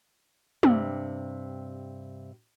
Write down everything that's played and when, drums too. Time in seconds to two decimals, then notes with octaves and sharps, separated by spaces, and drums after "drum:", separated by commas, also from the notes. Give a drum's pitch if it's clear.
0.63 G2 C3, drum: tom